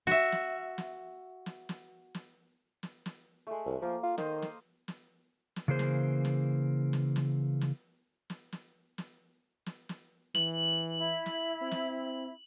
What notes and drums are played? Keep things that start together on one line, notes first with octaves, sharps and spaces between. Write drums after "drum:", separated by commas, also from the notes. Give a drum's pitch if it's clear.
F#4 E5, drum: snare
drum: snare
drum: snare
drum: snare
drum: snare
drum: snare
drum: snare
drum: snare
G#3 A3
C2
F3 A#3
F4
D#3 C5 D#5, drum: snare
drum: snare
drum: snare
drum: snare
C#3 E3 A#3 G#4 C5
drum: snare
drum: snare
drum: snare
drum: snare
drum: snare
drum: snare
drum: snare
drum: snare
drum: snare
drum: snare
E3 F#7, drum: snare
E4
drum: snare
C4
drum: snare